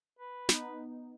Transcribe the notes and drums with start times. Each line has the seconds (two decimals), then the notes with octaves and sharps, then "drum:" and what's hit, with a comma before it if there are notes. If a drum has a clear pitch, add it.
0.19 B4
0.49 B3 D#4, drum: snare